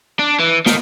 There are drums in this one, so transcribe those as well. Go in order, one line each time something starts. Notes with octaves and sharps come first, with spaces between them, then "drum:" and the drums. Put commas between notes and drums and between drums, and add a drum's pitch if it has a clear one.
D4
E3
D#3, drum: snare